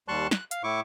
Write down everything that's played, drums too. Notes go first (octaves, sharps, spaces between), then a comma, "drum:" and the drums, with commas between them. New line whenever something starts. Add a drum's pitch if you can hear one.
D#2 G3 A5 C6 C#6 F#6
F#6, drum: snare
F5, drum: hi-hat
A2 E4 C#6 D6